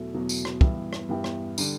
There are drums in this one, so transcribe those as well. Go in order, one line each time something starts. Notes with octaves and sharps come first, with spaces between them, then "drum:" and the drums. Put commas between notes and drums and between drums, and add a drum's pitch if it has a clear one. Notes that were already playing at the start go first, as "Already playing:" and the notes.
Already playing: E2 B2 F#3 A3
E2 B2 F#3 A3
drum: tambourine
drum: rim click
G2 E3 B3 E4 G4, drum: kick
drum: rim click
G2 E3 B3 E4 G4
drum: rim click
D3 G3 D4, drum: tambourine